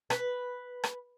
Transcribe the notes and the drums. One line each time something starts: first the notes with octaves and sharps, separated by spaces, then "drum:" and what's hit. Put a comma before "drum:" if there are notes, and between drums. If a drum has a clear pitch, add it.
B4, drum: rim click
drum: rim click